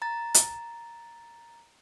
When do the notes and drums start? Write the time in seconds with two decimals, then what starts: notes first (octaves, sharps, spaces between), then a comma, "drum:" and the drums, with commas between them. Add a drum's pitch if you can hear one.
0.02 A#5 A6
0.34 drum: hi-hat